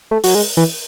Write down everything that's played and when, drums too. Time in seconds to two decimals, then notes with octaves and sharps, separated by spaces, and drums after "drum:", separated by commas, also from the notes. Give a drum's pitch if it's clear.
0.11 A3
0.24 F#3, drum: open hi-hat
0.35 G#3
0.57 E3